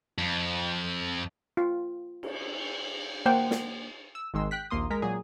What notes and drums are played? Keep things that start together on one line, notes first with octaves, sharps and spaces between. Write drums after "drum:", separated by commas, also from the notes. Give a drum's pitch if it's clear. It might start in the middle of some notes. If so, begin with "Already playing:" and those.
F2
F4
drum: cymbal
A#3 C5 F#5 G5
drum: snare
E6
G#1 D#3 G#3 C6 E6
G5 F#6 B6
A#1 D#2 A#3 C6 D#6
G#3 A#4 A#5 B6
A#2 F#3 G#4